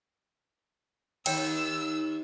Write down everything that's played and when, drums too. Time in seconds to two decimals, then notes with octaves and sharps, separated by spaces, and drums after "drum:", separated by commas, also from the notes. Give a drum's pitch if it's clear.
1.26 D#2 C#5 G5 E6, drum: cymbal